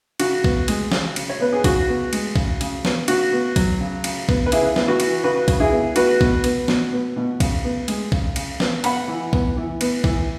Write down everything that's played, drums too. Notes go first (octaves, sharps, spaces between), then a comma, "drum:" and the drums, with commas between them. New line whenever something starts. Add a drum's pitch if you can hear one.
C#3 F#4, drum: cymbal
B3, drum: kick
G#3, drum: cymbal
C#3, drum: snare
C#3, drum: cymbal
C#5
B3 B4
G#4
C#3 F#4, drum: kick, cymbal
B3
G#3, drum: cymbal
C#3, drum: kick
C#3, drum: cymbal
B3, drum: snare
C#3 F#4, drum: cymbal
B3
F#3, drum: kick, cymbal
C#3
C#3, drum: cymbal
B3, drum: kick
B4
C#3 E4 G#4, drum: cymbal
B3, drum: snare
F#4 B4
E3, drum: cymbal
C#3 F#4 B4
C#3, drum: kick, cymbal
E4 G#4
B3
B3 F#4 B4, drum: cymbal
B2, drum: kick
B3, drum: cymbal
B2, drum: snare
B3
B2
C#3, drum: kick, cymbal
B3
G#3, drum: cymbal
C#3, drum: kick
C#3, drum: cymbal
B3, drum: snare
B3 F#5 B5, drum: cymbal
E3
B3, drum: kick
E3
B3, drum: cymbal
E3, drum: kick